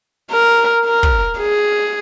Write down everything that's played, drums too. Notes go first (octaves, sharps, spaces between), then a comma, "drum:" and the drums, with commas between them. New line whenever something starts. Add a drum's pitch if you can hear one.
A#4
A#4
drum: kick
G#4